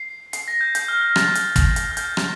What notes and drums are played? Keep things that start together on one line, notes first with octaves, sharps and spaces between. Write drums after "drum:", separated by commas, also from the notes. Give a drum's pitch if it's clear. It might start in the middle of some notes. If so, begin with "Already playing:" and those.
Already playing: C7
C7, drum: hi-hat
A#6
G6
G6, drum: hi-hat
F6
F6
A6, drum: rim click
drum: hi-hat
drum: kick, hi-hat
drum: hi-hat
F6
G6, drum: hi-hat
drum: rim click